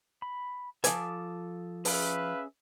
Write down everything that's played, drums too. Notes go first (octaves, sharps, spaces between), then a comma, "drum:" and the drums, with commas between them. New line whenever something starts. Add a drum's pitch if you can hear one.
B5
F3 A4 G#5 D6 D#6, drum: hi-hat
C#4 G#4 B4 E5 F5, drum: open hi-hat